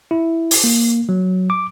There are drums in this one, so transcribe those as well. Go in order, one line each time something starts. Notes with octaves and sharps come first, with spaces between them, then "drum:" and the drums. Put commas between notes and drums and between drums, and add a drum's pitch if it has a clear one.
E4
drum: open hi-hat
A#3
F#3
D6